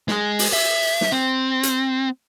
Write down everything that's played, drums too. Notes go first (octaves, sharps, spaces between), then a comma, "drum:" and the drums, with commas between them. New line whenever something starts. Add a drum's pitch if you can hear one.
G#3 G#4, drum: snare
drum: open hi-hat
E5
drum: snare
C4
drum: hi-hat